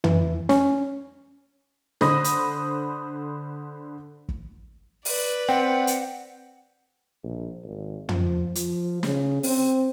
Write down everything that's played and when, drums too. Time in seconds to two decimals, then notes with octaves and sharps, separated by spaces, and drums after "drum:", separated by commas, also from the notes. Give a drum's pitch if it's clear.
0.04 E3, drum: tom
0.49 C#4, drum: snare
2.01 D3 C5 B5 D#6 A#6, drum: snare
2.24 drum: hi-hat
4.29 drum: kick
5.05 B4 D5, drum: open hi-hat
5.49 C4 F#5 G5
5.87 drum: hi-hat
7.23 A#1
7.64 G#1
8.09 F3, drum: tom
8.55 F3, drum: hi-hat
9.03 C#3, drum: snare
9.43 C4, drum: open hi-hat